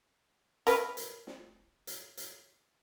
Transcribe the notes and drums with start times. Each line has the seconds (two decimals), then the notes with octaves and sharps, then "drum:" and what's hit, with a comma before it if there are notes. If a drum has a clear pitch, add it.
0.67 A#4 B4, drum: hi-hat
0.97 drum: hi-hat
1.27 drum: snare
1.87 drum: hi-hat
2.17 drum: hi-hat